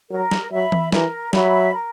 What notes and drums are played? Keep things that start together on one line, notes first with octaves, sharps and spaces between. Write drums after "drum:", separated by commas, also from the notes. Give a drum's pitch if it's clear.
F#3 A#4
drum: snare
F#3 E5 B5
drum: tom E3
E3 A#4, drum: snare
F#3 E5 B5, drum: snare
A#4